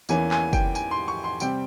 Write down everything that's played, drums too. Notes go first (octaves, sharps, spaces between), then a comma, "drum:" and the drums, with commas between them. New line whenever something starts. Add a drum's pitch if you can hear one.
E2 E3 A#3 C#4 G#5, drum: tambourine
G#5, drum: clap
G5, drum: kick F#1, tambourine
G#5, drum: tambourine
C6
C#6
C6
C3 G3 C4 G5, drum: tambourine